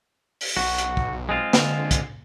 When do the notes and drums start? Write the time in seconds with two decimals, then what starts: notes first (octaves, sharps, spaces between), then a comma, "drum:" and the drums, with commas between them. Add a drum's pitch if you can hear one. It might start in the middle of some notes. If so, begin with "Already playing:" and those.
0.41 drum: open hi-hat
0.57 B1 F#4
0.78 drum: hi-hat
0.97 drum: kick
1.12 B1
1.29 G#3 C4 F4
1.53 D3, drum: snare
1.91 drum: kick, hi-hat